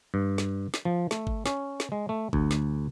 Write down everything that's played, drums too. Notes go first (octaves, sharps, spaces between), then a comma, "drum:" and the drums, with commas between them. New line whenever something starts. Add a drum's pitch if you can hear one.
G2
drum: snare
drum: snare
F3
A3, drum: snare
drum: kick
C#4, drum: snare
drum: snare
G#3
A3
D2, drum: kick
drum: snare